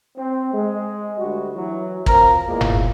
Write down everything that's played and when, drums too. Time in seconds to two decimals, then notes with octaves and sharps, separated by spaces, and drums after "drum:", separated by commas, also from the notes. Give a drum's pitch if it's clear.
0.18 C4
0.53 G#3
1.19 D2 G3 F#4
1.55 E3 F#3
2.06 F3 C4 A#4, drum: kick
2.47 E2 A#2 G#3 A#3
2.61 drum: tom F#1